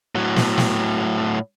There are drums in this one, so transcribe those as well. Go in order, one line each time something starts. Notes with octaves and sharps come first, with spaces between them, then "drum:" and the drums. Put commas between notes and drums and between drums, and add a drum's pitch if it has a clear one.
A2 F#3
drum: snare
drum: snare